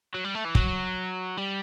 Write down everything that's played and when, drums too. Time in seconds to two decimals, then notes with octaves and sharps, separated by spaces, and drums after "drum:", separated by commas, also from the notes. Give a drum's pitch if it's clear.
0.15 F#3
0.24 G3
0.35 A3
0.45 E3
0.55 F#3, drum: kick
1.37 G3